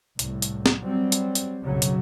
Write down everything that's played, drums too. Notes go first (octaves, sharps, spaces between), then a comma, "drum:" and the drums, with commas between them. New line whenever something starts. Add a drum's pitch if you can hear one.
C2 A2, drum: hi-hat
drum: hi-hat
drum: snare
F#3 G3 C4
drum: hi-hat
drum: hi-hat
B1 F#2 C#3 F#3
drum: hi-hat